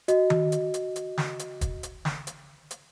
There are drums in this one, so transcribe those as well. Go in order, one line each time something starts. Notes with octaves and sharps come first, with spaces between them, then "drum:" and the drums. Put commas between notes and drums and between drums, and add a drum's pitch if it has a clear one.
F#4 D#5, drum: hi-hat
drum: tom D#3
drum: hi-hat
drum: hi-hat
drum: hi-hat
drum: snare
drum: hi-hat
drum: kick, hi-hat
drum: hi-hat
drum: snare
drum: hi-hat
drum: hi-hat